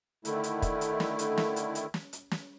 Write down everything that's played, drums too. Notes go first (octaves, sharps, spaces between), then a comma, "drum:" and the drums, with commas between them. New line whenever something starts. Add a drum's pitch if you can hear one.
D3 D#3 A3 E4, drum: hi-hat
drum: hi-hat
drum: kick, hi-hat
drum: hi-hat
drum: snare
drum: hi-hat
drum: snare
drum: hi-hat
drum: hi-hat
drum: snare
drum: hi-hat
drum: snare